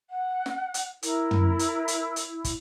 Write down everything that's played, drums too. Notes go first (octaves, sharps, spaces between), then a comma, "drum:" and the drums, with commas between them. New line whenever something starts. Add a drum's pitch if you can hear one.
F#5
drum: snare
drum: hi-hat
E4 A#4, drum: hi-hat
drum: tom
drum: hi-hat
drum: hi-hat
drum: hi-hat
drum: kick, hi-hat